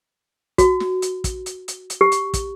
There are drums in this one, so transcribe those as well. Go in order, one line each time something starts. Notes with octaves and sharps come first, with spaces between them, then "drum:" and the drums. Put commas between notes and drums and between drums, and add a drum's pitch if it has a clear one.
F#4, drum: kick, hi-hat
drum: snare
drum: hi-hat
drum: kick, hi-hat
drum: hi-hat
drum: hi-hat
drum: hi-hat
G4
drum: hi-hat
drum: kick, hi-hat